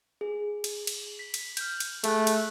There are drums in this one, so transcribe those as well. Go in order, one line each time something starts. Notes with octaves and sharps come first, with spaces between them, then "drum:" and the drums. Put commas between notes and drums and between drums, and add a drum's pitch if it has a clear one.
G#4
drum: cymbal
drum: cymbal
B6
drum: cymbal
F6 G6, drum: cymbal
drum: cymbal
A3 G#4 F#6, drum: cymbal
drum: cymbal